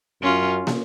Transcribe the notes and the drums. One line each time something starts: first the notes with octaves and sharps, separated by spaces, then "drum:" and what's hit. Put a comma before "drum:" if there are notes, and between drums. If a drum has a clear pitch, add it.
F#2 C#4 F4
drum: snare